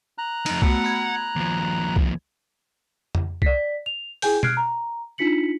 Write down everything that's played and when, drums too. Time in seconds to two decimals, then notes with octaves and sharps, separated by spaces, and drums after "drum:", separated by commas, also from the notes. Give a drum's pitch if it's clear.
0.18 A#5 F#6
0.46 F2 D#4, drum: cymbal
0.62 A3 B3 F#4 F#5, drum: kick C2
0.84 B5 G#6
1.36 D#2 F3
1.96 drum: kick C2
3.15 drum: tom F2
3.42 D5 B6, drum: kick C2
3.86 F7
4.22 E4 G#4 G5 G#5 G6, drum: open hi-hat
4.43 F6 F#6 G#6 C7 D7, drum: tom B2
4.57 A#5
5.18 D4 D#4 F4 B6 C#7 F#7